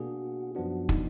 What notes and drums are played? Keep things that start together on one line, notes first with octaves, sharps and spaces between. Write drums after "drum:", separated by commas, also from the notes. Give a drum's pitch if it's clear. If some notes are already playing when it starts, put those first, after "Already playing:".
Already playing: B2 A#3 D4 F#4 G#4
F#2 F3 B3 D4 F#4
D#4, drum: kick